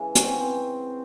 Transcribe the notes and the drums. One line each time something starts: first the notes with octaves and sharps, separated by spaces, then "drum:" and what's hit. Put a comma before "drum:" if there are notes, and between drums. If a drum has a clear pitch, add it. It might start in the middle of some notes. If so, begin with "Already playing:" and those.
Already playing: C#3 E3 G#3
C#4, drum: hi-hat
C4
B3
C4